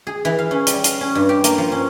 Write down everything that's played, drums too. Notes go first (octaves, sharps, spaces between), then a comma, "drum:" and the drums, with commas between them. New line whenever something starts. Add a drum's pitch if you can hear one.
G#4
E3
F5
C#4
G3, drum: hi-hat
F5, drum: hi-hat
C#4
G2
G4
A#3, drum: hi-hat
F3
C#4